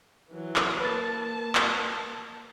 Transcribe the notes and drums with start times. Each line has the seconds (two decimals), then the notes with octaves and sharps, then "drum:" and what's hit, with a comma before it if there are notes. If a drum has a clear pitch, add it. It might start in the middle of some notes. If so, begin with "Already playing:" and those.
0.31 E3 F#3
0.56 drum: clap
0.80 A#3 B4 A5 A6
1.55 drum: clap